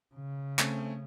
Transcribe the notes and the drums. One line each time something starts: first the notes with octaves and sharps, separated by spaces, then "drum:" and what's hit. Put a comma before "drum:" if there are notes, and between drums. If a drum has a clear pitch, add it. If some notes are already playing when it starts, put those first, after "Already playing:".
C#3
A3 C4 C#4, drum: clap